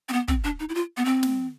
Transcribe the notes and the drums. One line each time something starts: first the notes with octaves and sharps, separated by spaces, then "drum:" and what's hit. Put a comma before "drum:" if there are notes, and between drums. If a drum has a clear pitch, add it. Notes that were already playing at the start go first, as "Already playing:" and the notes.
C4
B3
C4, drum: kick
D4
D#4
E4
F4
B3
C4
drum: snare